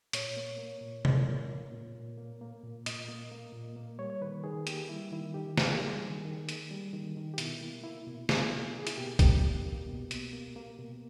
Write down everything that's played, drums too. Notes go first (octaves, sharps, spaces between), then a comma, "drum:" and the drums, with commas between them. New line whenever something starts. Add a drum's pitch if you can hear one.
A#2 C#5, drum: hi-hat
A#3
A#3
A#2
A#2, drum: tom
A#3
A#3
A#2
A#2
A#3
A#3
A#2
A#2 D#5, drum: hi-hat
A#3
A#3
A#2
A#3
G3 C#5
C#5
D#3 B4
D#3 G#4
A#3 G4, drum: hi-hat
G3 E4
D#3 E4
D#3 G4
A#3 G#4, drum: snare
G4
G3 G#4
D#3
D#3
A#3, drum: hi-hat
G3
D#3
D#3
G4
B2 E4, drum: hi-hat
A#3
A#3 E4
B2
B2 G#4, drum: snare
A#3
A#3 G#4
E4, drum: hi-hat
B2 G4
B2 G4, drum: kick, hi-hat
A#3
A#3
B2
B2, drum: hi-hat
A#3
A#3
B2